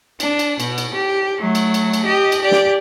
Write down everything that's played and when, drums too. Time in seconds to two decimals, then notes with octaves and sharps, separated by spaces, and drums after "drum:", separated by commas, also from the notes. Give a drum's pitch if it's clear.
0.20 D4, drum: cymbal
0.39 drum: cymbal
0.60 B2, drum: cymbal
0.78 drum: cymbal
0.94 G4
1.40 F#3 A3
1.55 drum: cymbal
1.74 drum: cymbal
1.94 drum: cymbal
2.05 G4 D#5
2.32 drum: cymbal
2.42 G4 D5
2.51 drum: snare